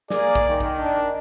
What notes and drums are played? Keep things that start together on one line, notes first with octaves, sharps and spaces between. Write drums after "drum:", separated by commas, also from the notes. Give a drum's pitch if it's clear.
A#3 G#4 D5, drum: snare
drum: kick
D#3
drum: kick, tambourine
D4